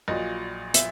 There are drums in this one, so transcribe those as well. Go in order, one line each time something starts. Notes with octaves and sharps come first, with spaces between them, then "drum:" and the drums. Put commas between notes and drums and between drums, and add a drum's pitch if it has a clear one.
A#1 A#2 F#3 D#5
E5, drum: hi-hat